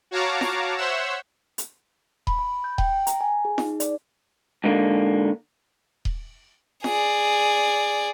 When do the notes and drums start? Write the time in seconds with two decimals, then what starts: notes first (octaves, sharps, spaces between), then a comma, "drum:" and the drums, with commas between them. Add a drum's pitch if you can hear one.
0.11 F#4 C#5 F5 A5 A#5 D6
0.41 drum: snare
0.76 C5 C#5 E5 F#5 E6
1.58 drum: hi-hat
2.27 B5, drum: kick D#1
2.39 B5
2.64 G6
2.78 G5, drum: kick D#1
3.07 A#5, drum: hi-hat
3.21 G#5
3.45 G#4
3.58 D#4, drum: snare
3.80 D5, drum: hi-hat
4.64 G#2 D3 A#3
6.05 drum: kick D#1
6.84 G#4 D5, drum: snare